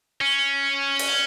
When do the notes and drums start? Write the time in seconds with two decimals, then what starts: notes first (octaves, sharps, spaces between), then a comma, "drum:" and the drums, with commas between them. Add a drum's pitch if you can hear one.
0.21 C#4
0.99 drum: cymbal